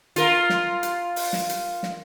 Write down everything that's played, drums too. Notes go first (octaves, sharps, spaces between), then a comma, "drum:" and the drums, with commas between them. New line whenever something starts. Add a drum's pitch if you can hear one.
F4 A#4, drum: hi-hat
drum: snare
drum: hi-hat
drum: open hi-hat
drum: snare
drum: hi-hat
drum: snare